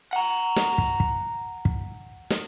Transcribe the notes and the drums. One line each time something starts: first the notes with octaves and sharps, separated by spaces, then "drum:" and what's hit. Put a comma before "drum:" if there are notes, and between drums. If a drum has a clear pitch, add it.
F#5 A#5
drum: snare
drum: kick
drum: kick
drum: kick
drum: snare